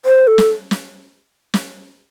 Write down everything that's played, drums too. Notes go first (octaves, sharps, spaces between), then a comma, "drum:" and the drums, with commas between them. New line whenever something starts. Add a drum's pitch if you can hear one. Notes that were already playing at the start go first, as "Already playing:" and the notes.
C5
A4
drum: snare
drum: snare
drum: snare